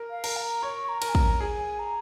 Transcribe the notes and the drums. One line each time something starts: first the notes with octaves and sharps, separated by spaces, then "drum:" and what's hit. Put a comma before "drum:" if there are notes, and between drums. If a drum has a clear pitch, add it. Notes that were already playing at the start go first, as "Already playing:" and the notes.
Already playing: A#4
F5
A#4, drum: cymbal
A#5
C#5 C#6
C#6
A#5
A#4, drum: cymbal
G#5
A#5, drum: kick
G#4 G#5
A#5